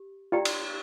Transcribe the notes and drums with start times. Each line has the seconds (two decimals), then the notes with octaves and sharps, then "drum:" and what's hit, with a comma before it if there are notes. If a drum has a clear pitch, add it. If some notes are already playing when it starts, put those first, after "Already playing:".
Already playing: G4
0.32 E4 F4 G4 D5 G5 A#5
0.45 drum: cymbal